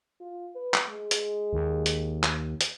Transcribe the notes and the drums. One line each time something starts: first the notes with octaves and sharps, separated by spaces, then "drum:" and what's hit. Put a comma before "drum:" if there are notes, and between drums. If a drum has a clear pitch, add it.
F4
B4
drum: clap
G#3
drum: hi-hat
D#2
drum: hi-hat
drum: clap
drum: hi-hat